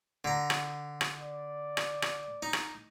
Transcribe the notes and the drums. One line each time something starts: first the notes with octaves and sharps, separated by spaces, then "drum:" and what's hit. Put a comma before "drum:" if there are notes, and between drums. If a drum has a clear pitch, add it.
D3 A#5
drum: rim click
drum: rim click
D5
drum: rim click
drum: rim click
D#4
drum: rim click